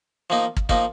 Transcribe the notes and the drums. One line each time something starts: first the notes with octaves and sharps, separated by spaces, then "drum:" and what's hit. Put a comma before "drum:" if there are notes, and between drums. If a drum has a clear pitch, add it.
F3 A#3 D#4
drum: kick
F3 A#3 D#4, drum: kick